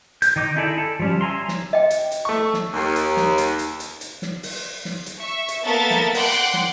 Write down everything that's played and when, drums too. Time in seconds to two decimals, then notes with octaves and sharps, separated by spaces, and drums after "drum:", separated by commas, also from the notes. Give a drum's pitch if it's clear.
0.22 G6, drum: hi-hat
0.36 D#3 D#4 D6 G6
0.56 D#4 E4 G#4 A4 D5
0.78 A4
0.99 F3 G3 C#4
1.21 E5 G#5 A#5 C6
1.48 drum: snare
1.73 D#5 G5
1.90 drum: hi-hat
2.12 drum: hi-hat
2.25 A3 C#6
2.54 drum: snare
2.73 D#2
2.96 drum: hi-hat
3.17 drum: snare
3.38 drum: hi-hat
3.59 drum: hi-hat
3.80 drum: hi-hat
4.01 drum: hi-hat
4.22 drum: snare
4.43 drum: open hi-hat
4.85 drum: snare
5.06 drum: hi-hat
5.19 E5 C#6
5.48 drum: hi-hat
5.64 A#3 B3 A4 A#4 E5 A6
5.90 drum: snare
6.14 F#5 G5 C6 D6 F#6, drum: open hi-hat
6.33 drum: hi-hat
6.54 drum: snare